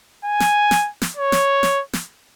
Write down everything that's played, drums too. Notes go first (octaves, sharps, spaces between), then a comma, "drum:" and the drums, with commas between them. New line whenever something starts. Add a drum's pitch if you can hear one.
G#5
drum: snare
drum: snare
drum: snare
C#5
drum: snare
drum: snare
drum: snare